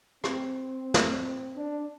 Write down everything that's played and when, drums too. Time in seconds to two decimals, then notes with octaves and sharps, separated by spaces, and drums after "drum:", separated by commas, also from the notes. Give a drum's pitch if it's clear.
0.24 C4, drum: rim click
0.94 drum: snare
1.56 D4